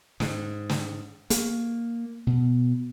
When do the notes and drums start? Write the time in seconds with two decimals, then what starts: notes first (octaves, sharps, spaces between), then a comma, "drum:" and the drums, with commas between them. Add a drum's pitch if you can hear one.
0.20 G#2, drum: snare
0.69 drum: snare
1.30 A#3, drum: hi-hat
2.27 B2